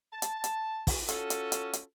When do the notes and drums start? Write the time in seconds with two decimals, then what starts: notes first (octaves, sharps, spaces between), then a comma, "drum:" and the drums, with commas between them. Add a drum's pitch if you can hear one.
0.13 A5
0.22 drum: hi-hat
0.44 drum: hi-hat
0.87 drum: kick, open hi-hat
1.09 C#4 F4 F#4 A4, drum: hi-hat
1.30 drum: hi-hat
1.52 drum: hi-hat
1.73 drum: hi-hat